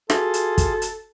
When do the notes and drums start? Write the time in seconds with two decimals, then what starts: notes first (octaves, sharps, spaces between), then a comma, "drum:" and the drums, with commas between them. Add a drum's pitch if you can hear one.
0.10 F4 F#4 G#4 A4, drum: rim click
0.34 drum: hi-hat
0.58 drum: kick, hi-hat
0.82 drum: hi-hat